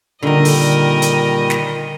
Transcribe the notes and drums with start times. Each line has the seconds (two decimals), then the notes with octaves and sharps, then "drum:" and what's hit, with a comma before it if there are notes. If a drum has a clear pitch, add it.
0.22 A#2 D3 D#3 G3 A#4 D#5 A#5
0.45 drum: open hi-hat
1.02 drum: hi-hat
1.50 drum: snare